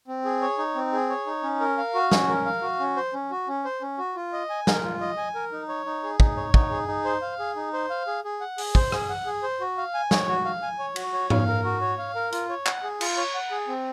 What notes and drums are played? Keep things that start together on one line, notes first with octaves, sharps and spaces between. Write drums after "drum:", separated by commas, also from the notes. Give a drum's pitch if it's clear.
C4
G#4
C#5
D#4
C4
G#4
C#5
D#4
C#4
A#4
F5
F#4
C#4, drum: snare
A#4
F5
F#4
C#4
C5
C#4
F#4
C#4
C5
C#4
F#4
F4
D#5
G#5
A#4, drum: snare
F4
D#5
G#5
A#4
D#4
C#5
D#4
G#4
D#4, drum: kick
C#5
D#4, drum: kick
G#4
D#4
C5
F5
G#4
D#4
C5
F5
G#4
G#4
F#5
G#4, drum: open hi-hat
C5, drum: kick
G#4, drum: rim click
F#5
G#4
C5
F#4
F5
G#5
C#5, drum: snare
F#4
F5
G#5
C#5
F#4, drum: cymbal
C#5
F5, drum: tom
A#4
F#4
C#5
F5
A#4
F4, drum: hi-hat
C#5
F#5, drum: clap
G#4
F4, drum: cymbal
C#5
F#5
G#4
C4